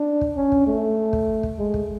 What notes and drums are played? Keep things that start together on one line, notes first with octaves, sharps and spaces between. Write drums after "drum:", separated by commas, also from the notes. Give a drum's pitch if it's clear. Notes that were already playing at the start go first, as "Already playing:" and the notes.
Already playing: D4
drum: kick
C#4
drum: kick
A3
drum: kick
drum: kick
G#3
drum: kick